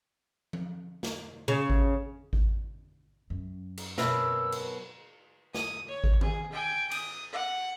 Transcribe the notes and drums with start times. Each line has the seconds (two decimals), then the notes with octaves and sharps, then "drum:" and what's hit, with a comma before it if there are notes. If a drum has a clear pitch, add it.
0.53 drum: tom F3
1.03 drum: snare
1.48 C#3
1.70 drum: kick G#1
2.33 drum: kick G#1
3.30 F#2
3.77 drum: cymbal
3.98 B2 F#3 C4 A#4 E5 B5 E6, drum: snare
4.52 drum: cymbal
5.54 D#6, drum: snare
5.88 C#5
6.04 drum: kick G#1
6.21 G#4, drum: tom D#3
6.52 G5 G#5
6.91 D#6, drum: cymbal
7.32 F#5